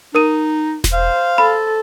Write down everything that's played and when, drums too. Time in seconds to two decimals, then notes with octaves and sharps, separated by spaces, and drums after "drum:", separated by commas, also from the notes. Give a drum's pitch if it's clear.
0.15 D#4 A#4 D#6 D#7
0.84 drum: snare E1
0.93 C5 F5
1.38 A4 B5